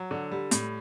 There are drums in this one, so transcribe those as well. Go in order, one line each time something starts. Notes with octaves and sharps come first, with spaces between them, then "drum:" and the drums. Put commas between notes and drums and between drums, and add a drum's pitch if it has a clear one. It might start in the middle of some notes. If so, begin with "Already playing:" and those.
Already playing: F#3
D3
G3
A2, drum: hi-hat